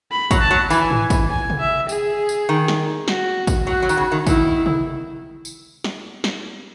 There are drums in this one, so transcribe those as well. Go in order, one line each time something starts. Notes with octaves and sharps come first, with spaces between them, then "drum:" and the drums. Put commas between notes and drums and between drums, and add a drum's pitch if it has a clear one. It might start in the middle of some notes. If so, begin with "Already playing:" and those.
B5
F#3, drum: kick, tambourine
A5
F#3
E3 G#5, drum: tambourine
drum: tom G#2
drum: kick, tambourine
G#5
drum: tom C3
E5
G#4, drum: tambourine
drum: tambourine
D#3
drum: snare
F#4, drum: snare
drum: kick, tambourine
F#3 F#4
F#3
D#3, drum: tambourine
C#3
D#3
D#3 E4, drum: kick, tambourine
drum: tom C3
drum: tambourine
drum: snare
drum: snare